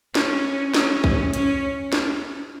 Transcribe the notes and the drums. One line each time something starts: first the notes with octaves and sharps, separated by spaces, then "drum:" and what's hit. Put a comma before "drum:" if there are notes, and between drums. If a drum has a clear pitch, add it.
C#4, drum: snare
C#4, drum: snare
drum: kick
C#4, drum: hi-hat
drum: snare